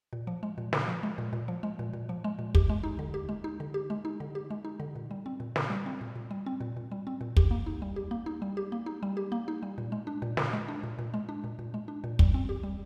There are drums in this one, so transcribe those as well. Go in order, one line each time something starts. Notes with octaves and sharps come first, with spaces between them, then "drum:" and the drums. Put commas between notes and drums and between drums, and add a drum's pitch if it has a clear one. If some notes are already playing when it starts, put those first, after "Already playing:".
A#2
F3
G#3
A#2
A#2, drum: snare
F3
G#3
A#2
A#2
F3
G#3
A#2
A#2
F3
G#3
A#2
G4, drum: kick
G#3
D#4
D3
G4
G#3
D#4
D3
G4
G#3
D#4
D3
G4
G#3
D#4
D3
A#2
G3
C4
A#2
A#2, drum: snare
G3
C4
A#2
A#2
G3
C4
A#2
A#2
G3
C4
A#2
G4, drum: kick
A#3
D#4
G3
G4
A#3
D#4
G3
G4
A#3
D#4
G3
G4
A#3
D#4
G3
A#2
G#3
D4
A#2
A#2, drum: snare
G#3
D4
A#2
A#2
G#3
D4
A#2
A#2
G#3
D4
A#2
G3, drum: kick
C4
G4
G3